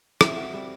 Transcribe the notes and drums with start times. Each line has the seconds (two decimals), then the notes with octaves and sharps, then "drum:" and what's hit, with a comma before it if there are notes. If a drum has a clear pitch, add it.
0.21 C4 E5, drum: rim click
0.37 F#4
0.54 G3